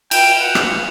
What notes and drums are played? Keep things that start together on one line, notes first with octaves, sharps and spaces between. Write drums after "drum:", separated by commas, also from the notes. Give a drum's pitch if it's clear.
G5, drum: cymbal
F#5
drum: rim click